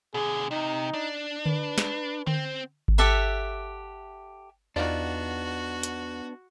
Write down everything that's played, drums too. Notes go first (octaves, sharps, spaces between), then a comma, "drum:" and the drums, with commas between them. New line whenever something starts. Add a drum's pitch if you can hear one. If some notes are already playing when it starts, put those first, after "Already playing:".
B2 D3 G#4
C3 D#4
D4
B4, drum: tom D3
drum: snare
C4, drum: tom D3
drum: kick G#1
G4 A4 E5 F#5
E2 B3 D4 D#4 F4 F#4 D5
drum: hi-hat